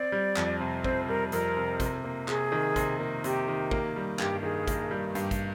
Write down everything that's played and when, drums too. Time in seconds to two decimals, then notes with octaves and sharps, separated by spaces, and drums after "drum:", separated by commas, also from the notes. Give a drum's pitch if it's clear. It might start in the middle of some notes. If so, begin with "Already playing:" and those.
Already playing: C4 D5
0.12 G3
0.36 F2, drum: clap
0.60 C3
0.84 C4 C5, drum: kick
1.08 G3 A#4
1.32 F2 A#4, drum: hi-hat
1.57 C3
1.80 C3, drum: kick, hi-hat
2.04 A#3
2.28 C3 G#4, drum: clap
2.52 D#3
2.76 C3, drum: kick, hi-hat
3.00 A#3
3.24 C3 G4, drum: hi-hat
3.48 D#3
3.71 A#3, drum: kick
3.96 G3
4.19 G2 G4, drum: clap
4.43 D#3 G#4
4.68 A#3, drum: kick, hi-hat
4.91 G3
5.15 G2 G4, drum: hi-hat
5.31 drum: kick, hi-hat